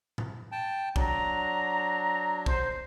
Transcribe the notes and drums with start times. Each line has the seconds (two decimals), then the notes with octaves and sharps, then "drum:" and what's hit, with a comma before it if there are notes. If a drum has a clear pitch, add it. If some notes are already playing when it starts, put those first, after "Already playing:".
0.18 drum: tom A2
0.52 G5 A5
0.96 F#3 D4 A#5, drum: kick
2.46 C5, drum: kick